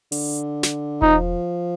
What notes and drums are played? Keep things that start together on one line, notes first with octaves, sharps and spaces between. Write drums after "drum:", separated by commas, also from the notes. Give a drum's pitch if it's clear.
D3, drum: open hi-hat
drum: snare
F3 D#4, drum: kick E1